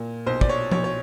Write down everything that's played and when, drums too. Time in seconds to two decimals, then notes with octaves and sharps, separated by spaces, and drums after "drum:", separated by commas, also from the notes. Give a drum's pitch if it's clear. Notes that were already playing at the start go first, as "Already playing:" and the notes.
Already playing: A#2
0.26 B1 C5
0.41 D5, drum: kick
0.49 C#5
0.72 B1 C#5, drum: tom F3
0.84 C#5